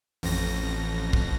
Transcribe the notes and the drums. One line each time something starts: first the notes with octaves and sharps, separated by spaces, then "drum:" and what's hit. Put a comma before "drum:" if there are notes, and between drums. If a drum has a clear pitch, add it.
A1 F2 A#6, drum: open hi-hat
drum: kick